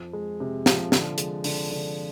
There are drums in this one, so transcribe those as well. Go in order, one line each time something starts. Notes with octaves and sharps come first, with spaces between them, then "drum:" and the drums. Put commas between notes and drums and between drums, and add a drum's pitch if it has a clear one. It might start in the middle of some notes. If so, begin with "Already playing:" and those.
Already playing: F2
G#3
C3
F3, drum: snare
D3, drum: snare
G#3, drum: hi-hat
D3, drum: open hi-hat
D3